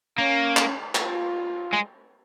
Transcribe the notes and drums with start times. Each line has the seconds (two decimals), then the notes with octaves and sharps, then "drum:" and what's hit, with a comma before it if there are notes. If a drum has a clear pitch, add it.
0.18 A#3 C#4
0.57 drum: clap
0.95 F4, drum: clap
1.73 G#3